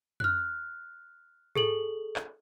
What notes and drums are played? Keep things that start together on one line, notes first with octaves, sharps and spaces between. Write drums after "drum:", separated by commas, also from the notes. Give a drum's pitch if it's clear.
F6 F#6, drum: tom F2
G#4 A4 F#7, drum: tom G#2
drum: clap